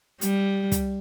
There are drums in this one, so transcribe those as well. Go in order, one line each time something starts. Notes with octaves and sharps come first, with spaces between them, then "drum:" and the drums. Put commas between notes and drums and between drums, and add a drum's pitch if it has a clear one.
G3, drum: hi-hat
drum: kick, hi-hat